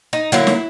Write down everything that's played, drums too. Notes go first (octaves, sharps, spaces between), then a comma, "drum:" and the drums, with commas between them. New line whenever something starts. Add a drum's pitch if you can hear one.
D#4
D3 F#3 A#3 E4, drum: hi-hat
drum: snare